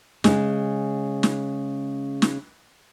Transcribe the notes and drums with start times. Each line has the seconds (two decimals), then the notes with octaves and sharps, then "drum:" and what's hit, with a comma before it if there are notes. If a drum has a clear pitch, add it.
0.24 C#3 G#3, drum: snare
1.23 drum: snare
2.22 drum: snare